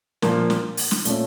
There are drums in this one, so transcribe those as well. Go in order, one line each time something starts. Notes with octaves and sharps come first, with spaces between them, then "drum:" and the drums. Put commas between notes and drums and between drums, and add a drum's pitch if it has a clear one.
A#2 F3 A#3, drum: snare
drum: snare
drum: open hi-hat
drum: snare
A#2 A3 C#4, drum: hi-hat